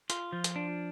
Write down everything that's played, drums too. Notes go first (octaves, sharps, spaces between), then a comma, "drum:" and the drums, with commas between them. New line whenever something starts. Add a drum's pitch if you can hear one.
F4, drum: hi-hat
F3
drum: hi-hat
D4